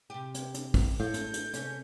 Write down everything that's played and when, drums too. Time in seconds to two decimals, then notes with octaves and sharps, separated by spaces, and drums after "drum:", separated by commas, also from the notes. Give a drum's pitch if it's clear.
0.10 C3 G4
0.34 drum: hi-hat
0.54 drum: hi-hat
0.74 drum: kick, open hi-hat
1.00 A2 G#3 A4 F5 G6
1.14 drum: hi-hat
1.34 drum: hi-hat
1.54 C3 C#4, drum: hi-hat